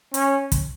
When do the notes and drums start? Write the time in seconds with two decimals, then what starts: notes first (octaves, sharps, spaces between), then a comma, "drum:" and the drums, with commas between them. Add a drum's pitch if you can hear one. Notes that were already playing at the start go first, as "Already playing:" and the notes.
0.14 C#4, drum: hi-hat
0.52 drum: kick, hi-hat